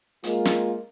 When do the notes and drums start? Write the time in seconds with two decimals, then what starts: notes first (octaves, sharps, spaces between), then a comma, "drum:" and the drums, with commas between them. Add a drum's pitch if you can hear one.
0.24 G#3 A#3 F4, drum: hi-hat
0.45 drum: snare